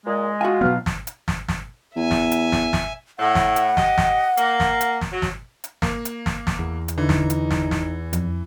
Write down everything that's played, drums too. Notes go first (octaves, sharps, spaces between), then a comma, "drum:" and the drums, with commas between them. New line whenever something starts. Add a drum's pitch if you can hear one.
A#2 G#3
F4 F#4 E5 G#5
B2 F#3 B3 B4 F5
drum: snare
drum: hi-hat
drum: snare
drum: snare
E2 E5 G#5
drum: snare
drum: hi-hat
drum: snare
drum: snare
A2 F#5
drum: snare
drum: hi-hat
G4 D#5, drum: snare
drum: snare
A#3, drum: hi-hat
drum: snare
drum: hi-hat
drum: snare
F#3
drum: snare
drum: hi-hat
A#3, drum: snare
drum: hi-hat
drum: snare
drum: snare
E2
drum: hi-hat
D3 E3 D#4
drum: snare
drum: hi-hat
drum: snare
drum: snare
F2, drum: hi-hat